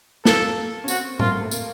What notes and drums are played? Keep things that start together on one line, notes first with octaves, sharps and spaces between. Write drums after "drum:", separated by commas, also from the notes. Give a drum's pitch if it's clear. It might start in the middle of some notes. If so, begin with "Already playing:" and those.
A#3 A4, drum: snare
C#4
C4 F#4, drum: tambourine
A#3 F4, drum: tom A2
A3
A3
A#3, drum: tambourine